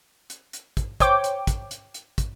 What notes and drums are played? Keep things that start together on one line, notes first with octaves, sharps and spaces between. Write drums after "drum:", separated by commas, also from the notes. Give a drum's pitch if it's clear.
drum: hi-hat
drum: hi-hat
drum: kick, hi-hat
C5 C#5 G5 D6, drum: kick, hi-hat
drum: hi-hat
drum: kick, hi-hat
drum: hi-hat
drum: hi-hat
drum: kick, hi-hat